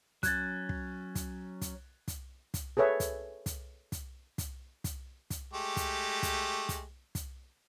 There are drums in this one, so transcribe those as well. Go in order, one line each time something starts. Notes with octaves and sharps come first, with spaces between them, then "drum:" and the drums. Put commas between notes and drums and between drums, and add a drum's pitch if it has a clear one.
F#3 C#4 F#6 G#6 A6, drum: kick, hi-hat
drum: kick
drum: kick, hi-hat
drum: kick, hi-hat
drum: kick, hi-hat
drum: kick, hi-hat
G#4 A4 B4 C#5 E5
drum: kick, hi-hat
drum: kick, hi-hat
drum: kick, hi-hat
drum: kick, hi-hat
drum: kick, hi-hat
drum: kick, hi-hat
G#3 A3 G4
drum: kick, hi-hat
drum: kick, hi-hat
drum: kick, hi-hat
drum: kick, hi-hat